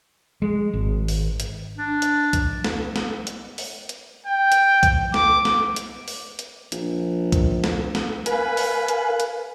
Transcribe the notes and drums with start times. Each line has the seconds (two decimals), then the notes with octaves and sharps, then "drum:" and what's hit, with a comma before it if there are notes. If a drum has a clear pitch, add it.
0.42 G#3
0.73 G#1
1.08 drum: open hi-hat
1.40 drum: hi-hat
1.77 D4
2.02 drum: hi-hat
2.33 drum: kick C2, hi-hat
2.64 drum: snare
2.96 drum: snare
3.27 drum: hi-hat
3.58 drum: open hi-hat
3.89 drum: hi-hat
4.27 G5
4.52 drum: hi-hat
4.83 drum: kick C2, hi-hat
5.14 D6, drum: snare
5.45 drum: snare
5.76 drum: hi-hat
6.08 drum: open hi-hat
6.39 drum: hi-hat
6.72 A#1, drum: hi-hat
7.32 drum: kick C2, hi-hat
7.64 drum: snare
7.95 drum: snare
8.26 A#4 B4 F5 G#5, drum: hi-hat
8.57 drum: open hi-hat
8.88 drum: hi-hat
9.20 drum: hi-hat